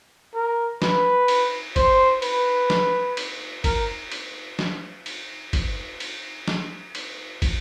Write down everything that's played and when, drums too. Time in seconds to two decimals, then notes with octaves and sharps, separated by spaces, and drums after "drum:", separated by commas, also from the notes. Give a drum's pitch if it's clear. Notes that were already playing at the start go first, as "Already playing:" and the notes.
0.34 A#4
0.82 B4, drum: snare
1.28 drum: cymbal
1.76 C5, drum: kick, cymbal
2.22 B4, drum: cymbal
2.70 drum: snare
3.17 drum: cymbal
3.64 A#4, drum: kick, cymbal
4.12 drum: cymbal
4.59 drum: snare
5.06 drum: cymbal
5.53 drum: kick, cymbal
6.00 drum: cymbal
6.48 drum: snare
6.95 drum: cymbal
7.42 drum: kick, cymbal